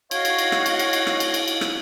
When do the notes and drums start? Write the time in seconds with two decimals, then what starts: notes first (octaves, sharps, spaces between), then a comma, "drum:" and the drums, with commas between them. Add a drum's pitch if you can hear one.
0.11 F#4 C#5 D#5 F5, drum: cymbal
0.25 drum: cymbal
0.38 drum: cymbal
0.52 drum: rim click
0.66 drum: cymbal
0.79 drum: cymbal
0.93 drum: cymbal
1.07 drum: rim click
1.20 drum: cymbal
1.34 drum: cymbal
1.48 drum: cymbal
1.61 drum: rim click